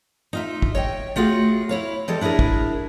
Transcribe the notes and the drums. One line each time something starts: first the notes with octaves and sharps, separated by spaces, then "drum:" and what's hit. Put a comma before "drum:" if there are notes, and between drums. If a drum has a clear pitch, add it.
D#4 F4 E5
drum: kick
C#5 D#5 G5
A3 F4 F#4 G#4
E4 C#5 F5
E3 G3 G#3 A4
D4 E4 G4 G#4 A#4
drum: kick